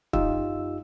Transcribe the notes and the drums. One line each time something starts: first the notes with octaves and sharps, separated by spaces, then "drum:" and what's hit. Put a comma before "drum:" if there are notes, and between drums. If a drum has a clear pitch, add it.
F#2 D#4 F4 G4 E6, drum: kick